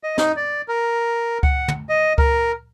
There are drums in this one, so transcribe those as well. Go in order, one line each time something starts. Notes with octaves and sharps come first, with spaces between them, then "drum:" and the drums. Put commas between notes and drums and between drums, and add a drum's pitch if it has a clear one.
D#5
D#4, drum: snare
D5
A#4
F#5, drum: kick C#2
drum: tom
D#5
A#4, drum: kick C#2